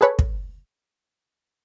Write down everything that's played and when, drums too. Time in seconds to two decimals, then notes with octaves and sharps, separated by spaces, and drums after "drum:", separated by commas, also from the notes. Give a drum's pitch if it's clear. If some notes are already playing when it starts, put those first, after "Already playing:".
0.01 G#4 A4 B4 C#5
0.19 drum: kick